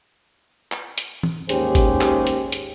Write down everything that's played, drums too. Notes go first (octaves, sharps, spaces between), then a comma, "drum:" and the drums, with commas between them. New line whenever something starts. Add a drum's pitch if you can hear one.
drum: clap
drum: hi-hat
drum: tom
D#2 G#2 C#4 G4 G#4 C5, drum: hi-hat
drum: kick G1, hi-hat
drum: clap
drum: hi-hat
drum: hi-hat